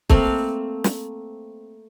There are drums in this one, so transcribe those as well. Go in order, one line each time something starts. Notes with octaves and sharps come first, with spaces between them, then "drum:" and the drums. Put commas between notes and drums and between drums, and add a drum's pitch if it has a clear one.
A3 A#3 C4 F5, drum: kick
drum: snare